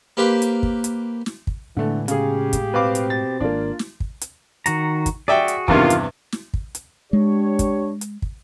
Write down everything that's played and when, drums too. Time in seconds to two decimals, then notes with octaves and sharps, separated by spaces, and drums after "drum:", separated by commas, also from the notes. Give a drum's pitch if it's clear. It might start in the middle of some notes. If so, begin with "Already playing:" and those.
0.17 A#3 G4 B4 C5
0.42 drum: hi-hat
0.63 drum: kick
0.84 drum: hi-hat
1.26 drum: snare
1.47 drum: kick
1.77 A2 D3 E3 G#3 A3 B3
2.08 C#3 G4 G#4 F5, drum: hi-hat
2.53 drum: kick, hi-hat
2.74 B2 C4 B4 F5 D6
2.95 drum: hi-hat
3.10 A6
3.40 G#1 A#3 D4 F4
3.79 drum: snare
4.00 drum: kick
4.21 drum: hi-hat
4.66 D#3 F#4 A#5, drum: hi-hat
5.06 drum: kick, hi-hat
5.28 F#4 G#4 D5 E5 G5
5.48 drum: hi-hat
5.68 E2 G2 C3 D#3 F4, drum: kick
5.90 drum: hi-hat
6.32 drum: snare
6.54 drum: kick
6.75 drum: hi-hat
7.13 G#3 D4 G4 C#5
7.59 drum: kick, hi-hat
8.01 drum: hi-hat
8.22 drum: kick